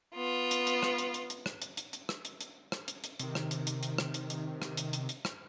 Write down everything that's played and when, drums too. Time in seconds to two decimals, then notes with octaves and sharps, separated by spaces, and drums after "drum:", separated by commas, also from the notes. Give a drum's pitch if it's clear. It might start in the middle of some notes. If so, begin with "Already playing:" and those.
0.15 B3 F4
0.51 drum: hi-hat
0.67 drum: hi-hat
0.83 drum: rim click
0.98 drum: hi-hat
1.14 drum: hi-hat
1.30 drum: hi-hat
1.46 drum: rim click
1.62 drum: hi-hat
1.77 drum: hi-hat
1.93 drum: hi-hat
2.09 drum: rim click
2.25 drum: hi-hat
2.41 drum: hi-hat
2.72 drum: rim click
2.88 drum: hi-hat
3.04 drum: hi-hat
3.20 C3 D#3, drum: hi-hat
3.35 drum: rim click
3.51 drum: hi-hat
3.67 drum: hi-hat
3.83 drum: hi-hat
3.98 drum: rim click
4.14 drum: hi-hat
4.30 drum: hi-hat
4.62 drum: rim click
4.77 drum: hi-hat
4.93 drum: hi-hat
5.09 drum: hi-hat
5.25 drum: rim click